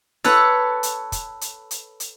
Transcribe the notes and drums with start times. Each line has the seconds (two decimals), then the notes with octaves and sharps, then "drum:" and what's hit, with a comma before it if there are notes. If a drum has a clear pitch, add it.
0.24 A4 B4 C#5 F#5, drum: snare E4
0.83 drum: hi-hat
1.12 drum: kick, hi-hat
1.41 drum: hi-hat
1.71 drum: hi-hat
2.00 drum: hi-hat